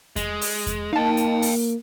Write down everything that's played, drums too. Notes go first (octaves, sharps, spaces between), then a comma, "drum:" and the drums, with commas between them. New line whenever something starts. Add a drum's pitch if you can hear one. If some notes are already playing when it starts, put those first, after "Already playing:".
G#3, drum: kick E2, hi-hat
drum: open hi-hat
drum: kick E2, hi-hat
A#3 D#4 F5 G5 A5
drum: hi-hat
drum: open hi-hat